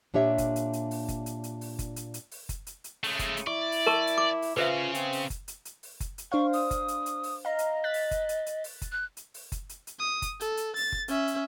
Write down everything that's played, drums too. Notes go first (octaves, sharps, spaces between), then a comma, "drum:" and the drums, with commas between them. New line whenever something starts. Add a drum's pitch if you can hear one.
A#2 D4 G4 C#5 E5
drum: kick F#1, hi-hat
drum: hi-hat
drum: hi-hat
drum: open hi-hat
drum: kick F#1, hi-hat
drum: hi-hat
drum: hi-hat
drum: open hi-hat
drum: kick F#1, hi-hat
drum: hi-hat
drum: hi-hat
drum: open hi-hat
drum: kick F#1, hi-hat
drum: hi-hat
drum: hi-hat
C#3 G#3 A3, drum: open hi-hat
drum: kick F#1, hi-hat
drum: hi-hat
E4 D5 C#6
drum: open hi-hat
A#4 A5 C#6
drum: hi-hat
D6
drum: open hi-hat
C#3 F4 B4 C5 E5
C4, drum: hi-hat
drum: open hi-hat
drum: kick F#1, hi-hat
drum: hi-hat
drum: hi-hat
drum: open hi-hat
drum: kick F#1, hi-hat
drum: hi-hat
D4 C5 F5 C#6
D#6, drum: open hi-hat
drum: kick F#1, hi-hat
drum: hi-hat
drum: hi-hat
drum: open hi-hat
D#5 F5 A#5
drum: hi-hat
F#6 A6 B6
drum: open hi-hat
drum: kick F#1, hi-hat
drum: hi-hat
drum: hi-hat
drum: open hi-hat
drum: kick F#1, hi-hat
F#6
drum: hi-hat
drum: open hi-hat
drum: kick F#1, hi-hat
drum: hi-hat
drum: hi-hat
D#6
drum: kick F#1, hi-hat
A4, drum: hi-hat
drum: hi-hat
A6, drum: open hi-hat
drum: kick F#1
C#4 E5, drum: hi-hat
drum: hi-hat